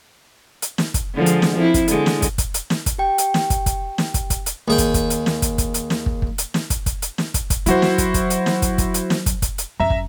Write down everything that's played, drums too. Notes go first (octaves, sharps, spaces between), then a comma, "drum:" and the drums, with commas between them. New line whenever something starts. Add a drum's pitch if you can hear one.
drum: hi-hat
drum: snare
drum: kick, hi-hat
D3 F3 G#3
drum: hi-hat
drum: snare
F3 C4 E4
drum: kick, hi-hat
D3 G#3, drum: hi-hat
drum: snare
drum: kick, hi-hat
drum: kick, hi-hat
drum: hi-hat
drum: snare
drum: kick, hi-hat
G4 G5
drum: hi-hat
drum: snare
drum: kick, hi-hat
drum: kick, hi-hat
drum: snare
drum: kick, hi-hat
drum: kick, hi-hat
drum: hi-hat
D#2 G#4 G5
drum: kick, hi-hat
drum: kick, hi-hat
drum: hi-hat
drum: snare
drum: kick, hi-hat
drum: kick, hi-hat
drum: hi-hat
drum: snare
drum: kick
drum: kick
drum: hi-hat
drum: snare
drum: kick, hi-hat
drum: kick, hi-hat
drum: hi-hat
drum: snare
drum: kick, hi-hat
drum: kick, hi-hat
D#3 F#3 E4 F#4 C5, drum: hi-hat
drum: snare
drum: kick, hi-hat
drum: kick, hi-hat
drum: hi-hat
drum: snare
drum: kick, hi-hat
drum: kick, hi-hat
drum: hi-hat
drum: snare
drum: kick, hi-hat
drum: kick, hi-hat
drum: hi-hat
F#2 E5 A#5
drum: kick